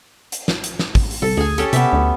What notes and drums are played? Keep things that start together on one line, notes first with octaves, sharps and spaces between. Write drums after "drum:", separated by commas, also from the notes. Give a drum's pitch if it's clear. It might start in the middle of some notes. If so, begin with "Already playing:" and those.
drum: hi-hat
drum: snare
drum: hi-hat
drum: snare
drum: kick, open hi-hat
drum: open hi-hat
C2 A4
D2 G#4 G#5
C#4 G4 A4, drum: hi-hat
C3 B3 E5, drum: hi-hat
D2